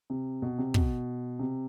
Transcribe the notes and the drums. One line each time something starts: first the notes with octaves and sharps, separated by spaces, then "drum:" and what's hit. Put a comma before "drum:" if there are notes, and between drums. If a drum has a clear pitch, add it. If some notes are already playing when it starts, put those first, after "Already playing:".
C3
B2
C3
B2, drum: kick
C3